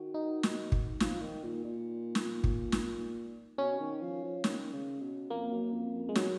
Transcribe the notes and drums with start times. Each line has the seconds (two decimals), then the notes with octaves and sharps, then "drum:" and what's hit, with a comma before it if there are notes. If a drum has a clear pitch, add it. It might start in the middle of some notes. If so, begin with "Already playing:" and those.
Already playing: D#3 F#4
0.14 D#4
0.43 drum: snare
0.72 drum: kick
1.00 F3, drum: snare
1.22 D#3
1.43 A#2
1.65 A#2
2.15 drum: snare
2.44 drum: kick
2.72 drum: snare
3.58 B2 C#4
3.80 D#3
4.01 F3
4.23 F3
4.44 D#3, drum: snare
4.73 C#3
5.01 B2
5.30 F2 A#3
5.51 F#2
5.73 F2
5.95 F2
6.09 G#3
6.15 F#3, drum: snare